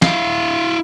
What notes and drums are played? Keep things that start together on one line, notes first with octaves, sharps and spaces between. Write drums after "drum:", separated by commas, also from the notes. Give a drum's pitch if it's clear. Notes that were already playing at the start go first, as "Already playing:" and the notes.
E4 F5, drum: snare